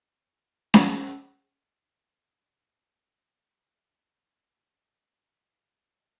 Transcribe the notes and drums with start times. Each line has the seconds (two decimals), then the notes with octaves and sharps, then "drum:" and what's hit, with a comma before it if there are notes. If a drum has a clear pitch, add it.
0.10 F2 E3 F#3 A#3
0.74 drum: snare C#4
2.44 B2 C#5 F5 G#6
2.64 B3
2.95 C#6 D#6
3.39 A5 C#6 G6
4.53 D#4 F#4 E5 F5 G#5